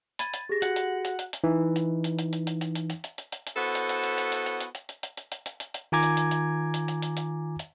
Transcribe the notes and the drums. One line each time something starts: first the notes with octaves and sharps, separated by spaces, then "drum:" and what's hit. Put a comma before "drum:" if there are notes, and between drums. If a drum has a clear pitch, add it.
B5 G#6 A6 D#7, drum: hi-hat
drum: hi-hat
G4 G#4 A#6
F#4 F#5, drum: hi-hat
drum: hi-hat
drum: hi-hat
drum: hi-hat
drum: hi-hat
E3 D#4
drum: hi-hat
drum: hi-hat
drum: hi-hat
drum: hi-hat
drum: hi-hat
drum: hi-hat
drum: hi-hat
drum: hi-hat
drum: hi-hat
drum: hi-hat
drum: hi-hat
drum: hi-hat
B3 E4 F#4 A4 C5
drum: hi-hat
drum: hi-hat
drum: hi-hat
drum: hi-hat
drum: hi-hat
drum: hi-hat
drum: hi-hat
drum: hi-hat
drum: hi-hat
drum: hi-hat
drum: hi-hat
drum: hi-hat
drum: hi-hat
drum: hi-hat
drum: hi-hat
D#3 F4 G#5 A#5 D6 G#6
drum: hi-hat
drum: hi-hat
drum: hi-hat
drum: hi-hat
drum: hi-hat
drum: hi-hat
drum: hi-hat
drum: hi-hat